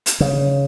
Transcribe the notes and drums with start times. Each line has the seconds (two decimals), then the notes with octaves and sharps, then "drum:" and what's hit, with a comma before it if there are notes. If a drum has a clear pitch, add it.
0.06 drum: hi-hat
0.20 C#3